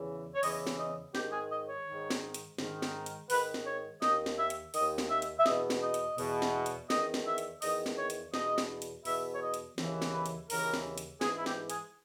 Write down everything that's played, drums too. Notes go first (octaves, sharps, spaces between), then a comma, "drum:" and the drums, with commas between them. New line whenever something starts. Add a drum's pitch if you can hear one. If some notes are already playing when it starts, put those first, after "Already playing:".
Already playing: E2 C#3 E3
C#5
E2 C#3 E3 D#5, drum: open hi-hat
drum: snare
D#5
G#2 D#3 G4, drum: snare
G#4
D#5
C#5
G#2 D#3
drum: snare
drum: hi-hat
G#2 D#3, drum: snare
drum: snare
drum: hi-hat
G#2 D#3 B4, drum: open hi-hat
drum: snare
C#5
D#2 D#3 D#5, drum: snare
drum: snare
E5
drum: hi-hat
D#2 D#3 D#5, drum: open hi-hat
drum: snare
E5
drum: hi-hat
E5
E2 B2 D#5, drum: snare
drum: snare
D#5
drum: hi-hat
E2 B2, drum: open hi-hat
drum: snare
drum: hi-hat
E2 D#3 D#5, drum: snare
drum: snare
E5
drum: hi-hat
E2 D#3 D#5, drum: open hi-hat
drum: snare
C#5
drum: hi-hat
E2 B2 D#5, drum: snare
drum: snare
drum: hi-hat
E2 B2 E5, drum: open hi-hat
C#5
D#5
drum: hi-hat
D#2 C#3 E3, drum: snare
drum: snare
B4
drum: hi-hat
D#2 C#3 E3 A#4, drum: open hi-hat
drum: snare
drum: hi-hat
G#2 E3 G#4, drum: snare
E4
G4, drum: snare
G#4, drum: hi-hat